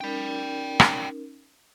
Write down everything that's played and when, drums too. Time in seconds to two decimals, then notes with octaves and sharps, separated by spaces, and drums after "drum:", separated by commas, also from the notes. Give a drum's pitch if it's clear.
0.01 C#4 D#4 A#4 G5 B5
0.80 drum: rim click